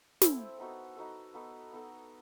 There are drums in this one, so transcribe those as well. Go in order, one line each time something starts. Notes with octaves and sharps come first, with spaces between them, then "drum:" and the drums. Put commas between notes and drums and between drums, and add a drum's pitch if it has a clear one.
C4 E4 A4, drum: snare
B3 D#4 F#4 A4
B3 D#4 F#4 A4
B3 D#4 F#4 A4
B3 D#4 F#4 A4